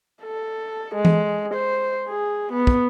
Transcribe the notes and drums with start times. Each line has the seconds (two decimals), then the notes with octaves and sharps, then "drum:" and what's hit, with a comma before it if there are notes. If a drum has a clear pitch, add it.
0.23 A4
0.95 G#3
1.05 drum: tom E3
1.54 C5
2.08 G#4
2.53 B3
2.67 drum: kick